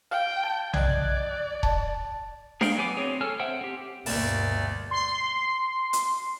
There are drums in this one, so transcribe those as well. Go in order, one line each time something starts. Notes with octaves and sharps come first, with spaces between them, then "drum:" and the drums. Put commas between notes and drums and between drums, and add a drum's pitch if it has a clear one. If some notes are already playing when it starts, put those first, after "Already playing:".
F5 G5
A5 G6
D5 D#5 F#6 G#6, drum: tom B1
A5, drum: kick D#1
G#4 F5 G5, drum: snare D4
F#3 B3 G#5 D6
C4 G#4 C#5
A4 C#5 G#5 F6
C5 E5 F#5 G5
C4 G4
G1 D2 B2 A#3 D5, drum: open hi-hat
C6
drum: hi-hat